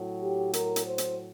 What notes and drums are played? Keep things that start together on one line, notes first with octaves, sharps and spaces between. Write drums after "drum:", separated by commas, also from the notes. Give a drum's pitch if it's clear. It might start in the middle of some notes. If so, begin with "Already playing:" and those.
Already playing: A2 F#3
G4
A#4, drum: hi-hat
drum: hi-hat
C5
drum: hi-hat